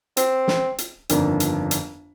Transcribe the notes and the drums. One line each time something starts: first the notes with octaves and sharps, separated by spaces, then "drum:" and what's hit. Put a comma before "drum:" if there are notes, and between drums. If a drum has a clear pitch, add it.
C4, drum: hi-hat
drum: snare
drum: hi-hat
G1 F2 D#3 A#3 D4, drum: hi-hat
drum: hi-hat
drum: hi-hat